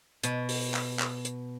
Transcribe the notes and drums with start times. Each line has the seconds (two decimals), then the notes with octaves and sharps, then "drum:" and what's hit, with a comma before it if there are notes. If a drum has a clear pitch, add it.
0.23 B2, drum: hi-hat
0.49 drum: open hi-hat
0.74 drum: clap
1.00 drum: clap
1.25 drum: hi-hat